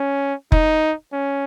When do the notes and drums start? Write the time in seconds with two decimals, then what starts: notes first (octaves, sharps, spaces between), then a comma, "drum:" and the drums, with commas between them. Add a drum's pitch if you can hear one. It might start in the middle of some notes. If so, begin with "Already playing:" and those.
Already playing: C#4
0.52 D#4, drum: kick F1
1.12 C#4